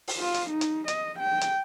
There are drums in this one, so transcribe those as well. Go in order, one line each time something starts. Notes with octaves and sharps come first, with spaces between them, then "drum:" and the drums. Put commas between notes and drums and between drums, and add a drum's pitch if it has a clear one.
drum: open hi-hat
F4
drum: hi-hat
D#4
drum: hi-hat
D#5, drum: hi-hat
G5
drum: hi-hat